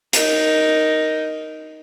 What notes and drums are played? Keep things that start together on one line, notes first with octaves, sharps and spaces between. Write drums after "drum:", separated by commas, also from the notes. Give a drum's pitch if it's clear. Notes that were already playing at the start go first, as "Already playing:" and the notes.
D#4 A#4, drum: hi-hat